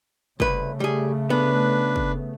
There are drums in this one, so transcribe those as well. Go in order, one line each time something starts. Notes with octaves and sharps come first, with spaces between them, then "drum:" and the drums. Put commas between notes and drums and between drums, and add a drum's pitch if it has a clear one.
C2 C#3 A3 B4, drum: kick
G3 G#4
B3 D4 B4
drum: kick